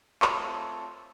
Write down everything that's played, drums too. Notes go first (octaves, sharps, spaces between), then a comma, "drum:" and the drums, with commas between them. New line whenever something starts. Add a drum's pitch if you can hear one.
A3 C4 F4 A4 C#5, drum: clap